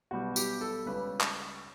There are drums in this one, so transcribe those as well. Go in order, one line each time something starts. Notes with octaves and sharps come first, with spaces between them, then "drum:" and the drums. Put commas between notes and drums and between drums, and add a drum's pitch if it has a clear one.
B1 B2 G3 F#4
G4, drum: tambourine
A4
C#2 C#3 G3 B4
drum: clap